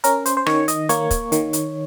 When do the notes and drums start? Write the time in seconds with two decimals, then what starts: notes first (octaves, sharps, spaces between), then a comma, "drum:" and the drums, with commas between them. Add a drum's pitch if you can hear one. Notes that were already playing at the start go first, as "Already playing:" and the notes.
0.04 C#4 A#4, drum: hi-hat
0.26 C5, drum: hi-hat
0.37 C5
0.46 D#3 C#5, drum: rim click
0.68 D#5, drum: hi-hat
0.89 A#3 C#5, drum: hi-hat
1.11 drum: kick, hi-hat
1.32 D#3, drum: hi-hat
1.53 drum: hi-hat